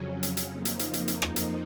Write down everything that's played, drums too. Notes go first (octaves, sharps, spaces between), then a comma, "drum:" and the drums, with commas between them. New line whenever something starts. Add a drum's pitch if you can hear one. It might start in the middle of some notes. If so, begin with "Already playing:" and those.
Already playing: F2 C#3 F#3 C#4
drum: hi-hat
drum: hi-hat
F2 F3 A#3 D#4
drum: hi-hat
drum: hi-hat
drum: hi-hat
drum: hi-hat
drum: rim click
drum: hi-hat